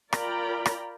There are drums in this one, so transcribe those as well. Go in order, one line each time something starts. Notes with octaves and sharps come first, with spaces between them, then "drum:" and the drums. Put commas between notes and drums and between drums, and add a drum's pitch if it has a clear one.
F4 A#4 D5 G5 A#5 B5, drum: rim click
drum: rim click